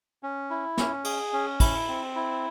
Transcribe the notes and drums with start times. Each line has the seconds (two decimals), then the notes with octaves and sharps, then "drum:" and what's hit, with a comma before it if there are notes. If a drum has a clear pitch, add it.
0.23 C#4
0.50 E4
0.78 C#4, drum: snare
1.04 G#4, drum: cymbal
1.33 C#4
1.60 E4, drum: kick, cymbal
1.88 C4
2.15 E4